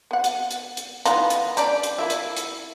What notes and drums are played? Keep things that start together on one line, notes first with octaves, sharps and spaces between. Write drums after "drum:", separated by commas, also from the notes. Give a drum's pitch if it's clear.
B3 F#5
drum: hi-hat
drum: hi-hat
drum: hi-hat
D#3 E3 B3 F4 F#5 A#5, drum: hi-hat
drum: hi-hat
C#4 D4 G4 D5 A#5, drum: hi-hat
drum: hi-hat
E4 F4 A#4 E5
drum: hi-hat
drum: hi-hat